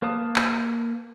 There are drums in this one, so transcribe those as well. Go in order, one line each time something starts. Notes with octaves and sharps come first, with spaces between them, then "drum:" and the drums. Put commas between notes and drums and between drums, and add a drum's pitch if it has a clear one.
A#3 B4 F5 A5 D#6
drum: clap